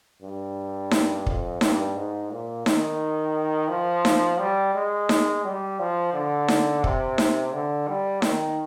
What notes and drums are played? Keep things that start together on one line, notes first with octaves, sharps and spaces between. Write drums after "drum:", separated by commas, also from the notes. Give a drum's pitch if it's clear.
G2
drum: snare D#4
F2, drum: kick
G2, drum: snare D#4
G#2
A#2
D#3, drum: snare D#4
F3
drum: snare D#4
G3
G#3
drum: snare D#4
G3
F3
D3
drum: snare D#4
C3, drum: kick
drum: snare D#4
D3
G3
D#3, drum: snare D#4